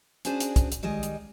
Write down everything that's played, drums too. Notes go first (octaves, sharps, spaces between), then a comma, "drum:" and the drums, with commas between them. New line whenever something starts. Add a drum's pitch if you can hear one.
C#4 D4 F#4 G#4 C5 D5, drum: hi-hat
drum: hi-hat
drum: kick, hi-hat
drum: hi-hat
D#3 G3 G#3 D#5
drum: hi-hat